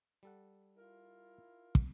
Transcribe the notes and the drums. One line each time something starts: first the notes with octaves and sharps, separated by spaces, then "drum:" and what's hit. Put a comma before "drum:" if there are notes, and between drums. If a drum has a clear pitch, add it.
G3 A4 F#5
E4 F4 A#4
drum: kick